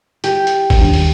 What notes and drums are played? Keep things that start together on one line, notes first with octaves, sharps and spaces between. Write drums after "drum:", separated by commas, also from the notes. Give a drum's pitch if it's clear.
G4, drum: hi-hat
drum: hi-hat
drum: kick, open hi-hat
D#2 G3 D4
drum: open hi-hat